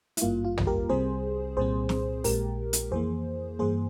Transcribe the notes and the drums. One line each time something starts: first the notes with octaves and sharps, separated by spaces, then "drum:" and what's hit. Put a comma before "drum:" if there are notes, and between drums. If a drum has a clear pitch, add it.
E4, drum: hi-hat
G#1 G2 G3 A#3 F4
F4
drum: tom
G4 A#4
C2 C3 G3 C4 G#4 C5
C2 A#2 G3 C4 G#4 C5
drum: snare
A#1 A#2 G#3 G4 A#4, drum: open hi-hat
drum: hi-hat
F2 E3 A#3 G#4 C5
G2 E3 A#3 G#4 C5